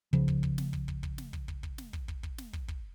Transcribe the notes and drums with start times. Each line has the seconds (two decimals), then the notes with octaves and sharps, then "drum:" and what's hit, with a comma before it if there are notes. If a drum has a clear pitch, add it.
0.13 C#3 F3, drum: kick
0.28 drum: kick
0.43 drum: kick
0.58 drum: snare
0.73 drum: kick
0.88 drum: kick
1.03 drum: kick
1.18 drum: snare
1.33 drum: kick
1.48 drum: kick
1.63 drum: kick
1.78 drum: snare
1.93 drum: kick
2.08 drum: kick
2.23 drum: kick
2.38 drum: snare
2.53 drum: kick
2.68 drum: kick